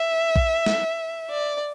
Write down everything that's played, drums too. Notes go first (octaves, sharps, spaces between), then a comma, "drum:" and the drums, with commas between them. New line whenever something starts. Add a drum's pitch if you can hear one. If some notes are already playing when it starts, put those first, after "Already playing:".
Already playing: E5
drum: kick A#1
drum: snare
D5